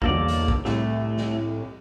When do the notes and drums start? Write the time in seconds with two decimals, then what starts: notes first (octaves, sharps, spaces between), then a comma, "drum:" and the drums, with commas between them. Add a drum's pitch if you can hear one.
0.02 G1 E2 B2 D#3 A#3 A4 D5, drum: kick A#1
0.28 drum: hi-hat
0.48 drum: kick A#1
0.65 C2 A2 A3, drum: snare
1.18 drum: snare